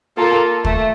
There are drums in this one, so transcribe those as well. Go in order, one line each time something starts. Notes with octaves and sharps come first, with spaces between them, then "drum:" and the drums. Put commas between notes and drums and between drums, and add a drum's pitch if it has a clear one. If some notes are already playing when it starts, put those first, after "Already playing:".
A#3 F4 A4
A3, drum: kick